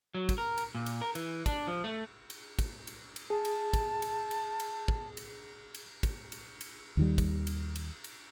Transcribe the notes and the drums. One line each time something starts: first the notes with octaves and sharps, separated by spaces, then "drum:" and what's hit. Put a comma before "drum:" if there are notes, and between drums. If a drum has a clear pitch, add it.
F#3
drum: kick, cymbal
A#4
drum: cymbal
A#2
drum: cymbal
A#4
E3, drum: cymbal
D4, drum: kick, cymbal
F3
A3
drum: cymbal
drum: kick, cymbal
drum: cymbal
drum: cymbal
G#4 A5
drum: cymbal
drum: kick, cymbal
drum: cymbal
drum: cymbal
drum: cymbal
drum: kick
drum: cymbal
drum: cymbal
drum: kick, cymbal
drum: cymbal
drum: cymbal
D#2 D#3 G3
drum: kick, cymbal
drum: cymbal
drum: cymbal
drum: cymbal